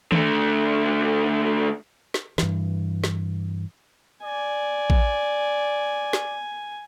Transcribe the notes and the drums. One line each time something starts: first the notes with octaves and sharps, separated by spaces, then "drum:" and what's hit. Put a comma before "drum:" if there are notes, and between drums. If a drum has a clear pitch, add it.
D3 A3, drum: tom D#3
drum: snare
G2 E3, drum: snare
drum: snare
D5 G#5
drum: kick A1
drum: snare